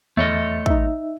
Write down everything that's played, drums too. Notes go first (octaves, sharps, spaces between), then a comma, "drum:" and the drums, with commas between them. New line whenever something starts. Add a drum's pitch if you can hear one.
E2 A3 C#5 D#5 E5 A6
D#4 E5, drum: kick